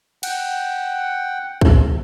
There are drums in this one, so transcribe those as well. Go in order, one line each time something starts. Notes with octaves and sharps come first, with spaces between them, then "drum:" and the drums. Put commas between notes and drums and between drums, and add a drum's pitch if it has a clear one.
F#5 G5, drum: cymbal
drum: kick